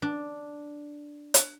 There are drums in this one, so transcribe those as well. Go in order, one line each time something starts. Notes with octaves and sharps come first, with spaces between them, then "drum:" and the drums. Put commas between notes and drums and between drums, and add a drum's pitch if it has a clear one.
D4
drum: hi-hat